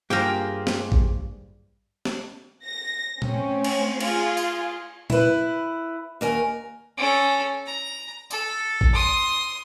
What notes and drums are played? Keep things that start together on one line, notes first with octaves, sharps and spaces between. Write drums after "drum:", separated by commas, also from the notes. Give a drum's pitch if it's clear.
G2 A#3 F4 G4 G#4 A#4 C5 G5
drum: snare
drum: kick A#1
drum: snare
A#6
A3 C4 C#4, drum: tom A#2
drum: cymbal
F4 G#4, drum: cymbal
drum: tambourine
E4 B4, drum: tom A#2
D#2 A#4 G#5
C#4 A4
A#5
A4, drum: tambourine
drum: kick A#1
C6 D#6